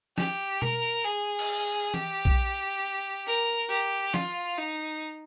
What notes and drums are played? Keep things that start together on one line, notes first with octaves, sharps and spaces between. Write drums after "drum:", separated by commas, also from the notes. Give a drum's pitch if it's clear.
G4, drum: snare
A#4, drum: tom B2
G#4
drum: cymbal
G4, drum: tom E3
drum: kick
A#4
G4
F4, drum: snare
D#4